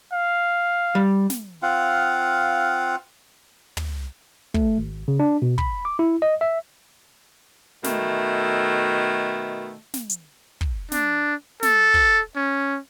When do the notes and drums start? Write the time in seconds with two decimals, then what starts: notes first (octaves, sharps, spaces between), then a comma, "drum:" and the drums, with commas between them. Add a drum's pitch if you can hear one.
0.13 F5
0.95 G3
1.30 drum: snare
1.62 C4 F4 F5 F#5
3.77 drum: tom
4.54 A3, drum: kick
4.78 G#1
5.08 C#3
5.20 D4
5.42 B2
5.58 B5, drum: kick
5.85 D6
5.99 E4
6.22 D#5
6.41 E5
7.84 B2 D#3 A3, drum: snare
9.94 drum: snare
10.09 drum: hi-hat
10.61 drum: kick
10.92 D4, drum: snare
11.63 A4, drum: snare
11.94 drum: kick
12.36 C#4